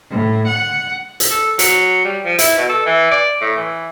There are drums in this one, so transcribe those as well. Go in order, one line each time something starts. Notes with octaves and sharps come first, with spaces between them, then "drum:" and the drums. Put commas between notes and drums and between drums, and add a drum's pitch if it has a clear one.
A2
F#5
drum: hi-hat
A4
F#3, drum: hi-hat
G3
F3
E4, drum: hi-hat
B2
A4
E3
D5
A2
E3